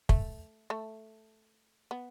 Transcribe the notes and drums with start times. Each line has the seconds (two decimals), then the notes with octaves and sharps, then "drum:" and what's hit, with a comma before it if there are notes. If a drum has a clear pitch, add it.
0.09 A3, drum: kick
0.70 A3
1.91 B3